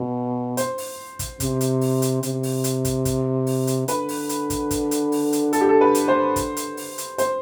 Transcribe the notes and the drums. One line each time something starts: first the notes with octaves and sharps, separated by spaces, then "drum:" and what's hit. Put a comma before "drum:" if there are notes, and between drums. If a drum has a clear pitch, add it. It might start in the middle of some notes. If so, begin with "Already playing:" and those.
Already playing: B2
C5, drum: hi-hat
drum: open hi-hat
drum: kick, hi-hat
C3, drum: kick, hi-hat
drum: hi-hat
drum: open hi-hat
drum: hi-hat
C3, drum: hi-hat
drum: open hi-hat
drum: hi-hat
drum: kick, hi-hat
drum: kick, hi-hat
drum: open hi-hat
drum: hi-hat
D3 B4, drum: hi-hat
drum: open hi-hat
drum: hi-hat
drum: kick, hi-hat
drum: kick, hi-hat
drum: hi-hat
drum: open hi-hat
drum: hi-hat
A4, drum: hi-hat
G4
A4
B4
drum: hi-hat
C5
drum: kick, hi-hat
drum: hi-hat
drum: open hi-hat
drum: hi-hat
C5, drum: hi-hat